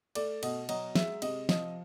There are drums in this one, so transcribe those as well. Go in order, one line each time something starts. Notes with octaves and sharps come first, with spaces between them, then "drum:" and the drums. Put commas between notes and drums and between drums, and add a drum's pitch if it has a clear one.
A3 D5, drum: cymbal
B2 D#5, drum: cymbal
F#3 D#5, drum: cymbal
G#3 E5, drum: snare
C3 D#5, drum: cymbal
F3 D#5, drum: snare